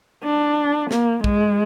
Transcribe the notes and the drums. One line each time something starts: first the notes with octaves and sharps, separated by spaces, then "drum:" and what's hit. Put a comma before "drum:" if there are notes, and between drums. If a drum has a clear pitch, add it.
D4
A#3, drum: snare
G#3, drum: kick